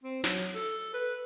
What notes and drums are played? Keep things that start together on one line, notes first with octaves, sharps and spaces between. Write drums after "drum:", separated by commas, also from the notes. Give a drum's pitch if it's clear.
C4
F#3, drum: snare
A4
B4